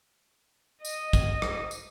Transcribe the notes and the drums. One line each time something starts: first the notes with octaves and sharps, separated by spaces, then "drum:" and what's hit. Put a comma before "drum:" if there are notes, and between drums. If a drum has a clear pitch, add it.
D#5, drum: tambourine
drum: kick, tambourine
drum: rim click
drum: tambourine